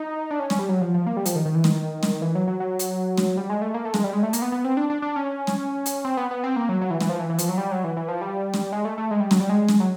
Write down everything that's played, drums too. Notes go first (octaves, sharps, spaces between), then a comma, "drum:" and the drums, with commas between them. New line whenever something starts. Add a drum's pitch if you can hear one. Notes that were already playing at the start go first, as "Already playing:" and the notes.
Already playing: D#4
D4
C#4
C#4, drum: snare
G3
F#3
F3
F3
A#3
G3
F3, drum: hi-hat
D#3
D#3
E3
D#3, drum: snare
drum: snare
E3
F#3
F#3
F#3
drum: hi-hat
drum: snare
G3
G#3
A3
A#3
A3
G#3, drum: snare
G3
G#3
A3
A#3, drum: hi-hat
B3
B3
C4
D4
D4
D4
C#4
drum: snare
drum: hi-hat
C4
B3
B3
C4
A#3
F#3
F#3
E3
E3, drum: snare
F3
E3
E3
F3, drum: hi-hat
F#3
G3
F#3
E3
E3
F3
G3
drum: snare
G#3
A3
A3
G#3
G3
F#3, drum: snare
G3
G#3
drum: snare
F#3